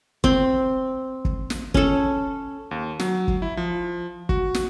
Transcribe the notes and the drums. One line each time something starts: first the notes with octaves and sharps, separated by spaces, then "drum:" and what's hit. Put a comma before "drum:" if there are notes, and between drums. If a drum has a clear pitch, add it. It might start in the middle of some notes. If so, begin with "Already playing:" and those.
C4, drum: kick
drum: kick
drum: snare
C#4 A4, drum: kick
D#2
F#3, drum: snare
drum: kick
E4
F3
F#4, drum: kick
drum: snare